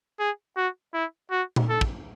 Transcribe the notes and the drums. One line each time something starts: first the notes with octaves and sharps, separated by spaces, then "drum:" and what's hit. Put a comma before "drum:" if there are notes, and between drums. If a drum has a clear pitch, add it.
G#4
F#4
E4
F#4
drum: tom A#2
A4
drum: kick